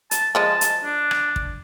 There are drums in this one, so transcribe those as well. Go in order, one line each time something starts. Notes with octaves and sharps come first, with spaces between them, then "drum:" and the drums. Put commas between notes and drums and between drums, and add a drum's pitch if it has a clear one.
A5, drum: hi-hat
F3 G#3 D#5 A5
drum: hi-hat
D4
drum: rim click
drum: kick